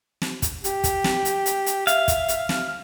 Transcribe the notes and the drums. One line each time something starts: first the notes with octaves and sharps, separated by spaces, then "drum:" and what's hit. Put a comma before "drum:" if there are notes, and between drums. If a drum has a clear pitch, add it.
drum: snare
drum: kick, hi-hat
G4, drum: hi-hat
drum: kick, hi-hat
drum: snare
drum: hi-hat
drum: hi-hat
drum: hi-hat
E5 F5, drum: hi-hat
drum: kick, hi-hat
drum: hi-hat
drum: snare